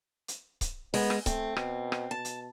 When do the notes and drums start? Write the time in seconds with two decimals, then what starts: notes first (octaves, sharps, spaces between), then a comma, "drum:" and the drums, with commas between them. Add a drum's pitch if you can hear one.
0.28 drum: hi-hat
0.61 drum: kick C#1, hi-hat
0.94 G#3 B3, drum: open hi-hat
1.10 drum: rim click
1.26 A3 C4, drum: kick C#1, hi-hat
1.56 B2, drum: rim click
1.92 drum: rim click
2.11 B2 A5
2.25 drum: hi-hat